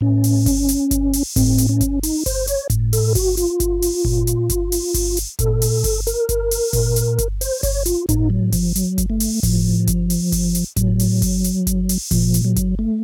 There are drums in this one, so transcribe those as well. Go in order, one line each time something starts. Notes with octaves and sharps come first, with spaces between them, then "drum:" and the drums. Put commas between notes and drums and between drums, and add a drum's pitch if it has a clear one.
A2 C#4
drum: open hi-hat
drum: kick G1, open hi-hat
drum: hi-hat
drum: kick G1, hi-hat
drum: open hi-hat
A2 C4, drum: kick G1, open hi-hat
drum: hi-hat
C#4
drum: kick G1, hi-hat
D#4, drum: open hi-hat
C5, drum: kick G1, open hi-hat
C#5, drum: hi-hat
A2, drum: kick G1, hi-hat
A4, drum: open hi-hat
F#4, drum: kick G1, open hi-hat
F4, drum: hi-hat
drum: kick G1, hi-hat
drum: open hi-hat
A#2, drum: kick G1
drum: hi-hat
drum: kick G1, hi-hat
drum: open hi-hat
drum: kick G1, open hi-hat
drum: hi-hat
A#2 A4, drum: kick G1, hi-hat
drum: open hi-hat
drum: kick G1, open hi-hat
A#4, drum: hi-hat
drum: kick G1, hi-hat
drum: open hi-hat
A#2, drum: kick G1, open hi-hat
drum: hi-hat
drum: kick G1, hi-hat
C5, drum: open hi-hat
C#5, drum: kick G1, open hi-hat
F4, drum: hi-hat
A2 D#4, drum: kick G1, hi-hat
F#3
F3, drum: kick G1, open hi-hat
F#3, drum: hi-hat
drum: kick G1, hi-hat
A3
drum: open hi-hat
A2 F3, drum: kick G1, open hi-hat
drum: kick G1, hi-hat
drum: open hi-hat
drum: kick G1, open hi-hat
drum: hi-hat
A2 F#3, drum: kick G1, hi-hat
drum: open hi-hat
drum: kick G1, open hi-hat
drum: hi-hat
drum: kick G1, hi-hat
drum: open hi-hat
A#2 F3, drum: kick G1, open hi-hat
drum: hi-hat
F#3
drum: kick G1, hi-hat
A3